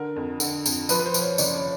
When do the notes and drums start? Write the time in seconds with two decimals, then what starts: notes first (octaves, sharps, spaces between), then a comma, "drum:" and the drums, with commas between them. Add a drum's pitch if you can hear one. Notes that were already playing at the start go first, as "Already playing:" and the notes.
Already playing: D3 A#4
0.16 F2
0.40 D3, drum: tambourine
0.66 F2, drum: tambourine
0.89 F3 B4, drum: tambourine
0.99 B4
1.06 C5
1.14 F3, drum: tambourine
1.22 C#5
1.38 F#1 D5, drum: tambourine
1.55 C#5